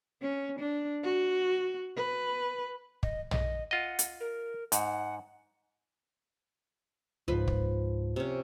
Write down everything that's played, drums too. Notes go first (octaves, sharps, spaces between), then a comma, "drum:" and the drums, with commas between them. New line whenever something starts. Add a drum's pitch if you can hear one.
C#4
D4
F#4
B4
D#5, drum: kick
D#5, drum: tom
F4 D#5 F#5
drum: hi-hat
A#4
G#2 F#5, drum: hi-hat
C#2 G#2 F3 B4 B5
drum: kick
C3 C#4